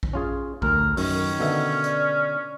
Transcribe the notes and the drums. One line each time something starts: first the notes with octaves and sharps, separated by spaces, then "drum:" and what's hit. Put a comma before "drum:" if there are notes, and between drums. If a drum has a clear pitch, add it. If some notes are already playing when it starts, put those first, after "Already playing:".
drum: kick A#1
C#4 F4 G#4
D2 A#4, drum: kick A#1
F#2 D#3 C#4, drum: open hi-hat
B2 D3 E5
D5, drum: hi-hat